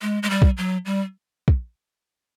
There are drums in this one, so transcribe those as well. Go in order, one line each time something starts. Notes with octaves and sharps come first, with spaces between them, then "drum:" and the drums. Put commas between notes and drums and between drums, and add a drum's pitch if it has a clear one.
G#3
G#3
G3
drum: kick
F#3
G3
drum: kick